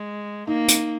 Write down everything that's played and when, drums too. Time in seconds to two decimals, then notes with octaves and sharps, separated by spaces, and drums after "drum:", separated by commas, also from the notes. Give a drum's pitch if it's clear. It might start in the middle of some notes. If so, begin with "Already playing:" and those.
Already playing: G#3
0.47 A#3 D#4
0.68 drum: hi-hat